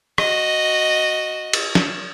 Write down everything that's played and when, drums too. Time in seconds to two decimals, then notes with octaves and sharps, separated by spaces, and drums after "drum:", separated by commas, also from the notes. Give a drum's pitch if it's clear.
0.18 F#4 D#5, drum: rim click
1.53 drum: cymbal
1.75 drum: snare